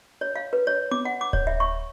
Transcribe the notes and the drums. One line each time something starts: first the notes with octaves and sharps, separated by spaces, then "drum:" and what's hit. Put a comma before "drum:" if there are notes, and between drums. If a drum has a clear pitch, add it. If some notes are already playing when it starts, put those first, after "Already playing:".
C#5
F5
B4
C#5
D6, drum: tom B3
F#5
D6
C#5, drum: kick D1
E5
C#6